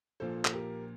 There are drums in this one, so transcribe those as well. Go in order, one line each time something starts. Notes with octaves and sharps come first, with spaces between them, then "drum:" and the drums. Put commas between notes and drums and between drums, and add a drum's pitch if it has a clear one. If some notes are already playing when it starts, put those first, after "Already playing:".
A#1 A#2 F3 A#3 A4 C5
A4, drum: clap
G4 A#4